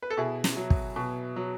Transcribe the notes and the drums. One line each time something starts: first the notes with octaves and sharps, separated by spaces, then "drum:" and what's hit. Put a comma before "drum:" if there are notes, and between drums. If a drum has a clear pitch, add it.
B4
A4
B2 E4 G#4
drum: snare
F#3
drum: kick
B2
F#3